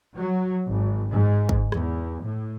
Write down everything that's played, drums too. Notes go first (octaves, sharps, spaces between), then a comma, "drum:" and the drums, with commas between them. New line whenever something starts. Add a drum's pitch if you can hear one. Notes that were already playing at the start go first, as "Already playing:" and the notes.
F#3
G#1
G#2
drum: kick
E2, drum: rim click
A2